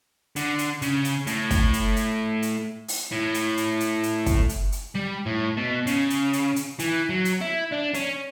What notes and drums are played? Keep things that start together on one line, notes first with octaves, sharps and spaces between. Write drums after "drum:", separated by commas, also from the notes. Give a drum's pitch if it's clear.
D3, drum: hi-hat
drum: hi-hat
C#3, drum: hi-hat
drum: hi-hat
A2, drum: hi-hat
drum: kick, hi-hat
drum: hi-hat
drum: hi-hat
drum: hi-hat
drum: open hi-hat
A2
drum: hi-hat
drum: hi-hat
drum: hi-hat
drum: hi-hat
drum: kick, hi-hat
drum: hi-hat
drum: hi-hat
G3
A2
B2
C#3, drum: hi-hat
drum: hi-hat
drum: hi-hat
drum: hi-hat
E3, drum: hi-hat
F#3
drum: hi-hat
E4
D4
C#4, drum: hi-hat